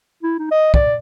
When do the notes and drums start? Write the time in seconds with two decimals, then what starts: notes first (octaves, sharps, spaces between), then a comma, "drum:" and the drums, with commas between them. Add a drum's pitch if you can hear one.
0.23 E4
0.39 D#4
0.51 D#5
0.74 D5, drum: kick